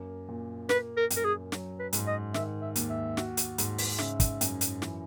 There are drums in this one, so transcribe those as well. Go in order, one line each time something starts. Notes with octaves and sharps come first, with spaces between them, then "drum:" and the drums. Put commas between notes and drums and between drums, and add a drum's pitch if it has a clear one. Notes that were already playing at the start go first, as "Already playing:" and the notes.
Already playing: F#2 A#3
A#2
A#3 B4, drum: snare
A#4
F#2, drum: hi-hat
A#4
G#4
F#3, drum: snare
B4
G#2, drum: hi-hat
D#5
D#3 E5, drum: snare
E5
D#2, drum: hi-hat
E5
F#4, drum: snare
drum: hi-hat
G#2, drum: hi-hat
drum: open hi-hat
C#3 E5, drum: snare
drum: kick, hi-hat
F#2, drum: hi-hat
drum: hi-hat
E3, drum: snare